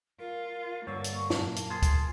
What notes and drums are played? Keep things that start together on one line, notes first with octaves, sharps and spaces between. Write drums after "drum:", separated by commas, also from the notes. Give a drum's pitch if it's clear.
F4 A#4
G2 D3 A#3 C#5 C#6 E6 A6
drum: hi-hat
F#2 A#2 A5, drum: snare
drum: hi-hat
F4 G#4 C5
drum: kick, hi-hat